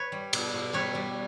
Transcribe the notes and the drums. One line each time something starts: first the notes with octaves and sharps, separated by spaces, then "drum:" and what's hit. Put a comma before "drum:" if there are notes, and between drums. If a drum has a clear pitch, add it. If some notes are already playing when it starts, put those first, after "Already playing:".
Already playing: B4 C#5
G3
B2, drum: cymbal
B2
G3 B4 C#5
G3